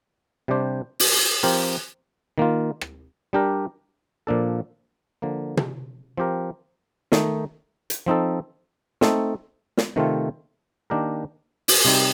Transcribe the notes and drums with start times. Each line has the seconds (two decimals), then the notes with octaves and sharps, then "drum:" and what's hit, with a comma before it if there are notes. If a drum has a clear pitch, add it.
0.48 C3 G3 D4 G4 C5
1.00 drum: open hi-hat
1.43 F3 C4 G4 A#4
2.38 D#3 A#3 F4
2.81 drum: rim click
3.33 G3 D4 G4 A#4
4.27 A#2 F3 A#3 D4 A4
5.22 D3 F3 A#3
5.57 drum: tom
6.17 F3 C4 G4 A#4
7.12 D#3 A3 D#4, drum: snare
7.90 drum: hi-hat
8.06 F3 C4 D#4 A4
9.01 A3 C4 D#4 A4, drum: snare
9.77 drum: snare
9.96 C3 D#3 A3 C4 F4
10.90 D#3 A#3 D4 G4 A#4
11.68 drum: open hi-hat
11.85 C3 G3 C4 D#4 G4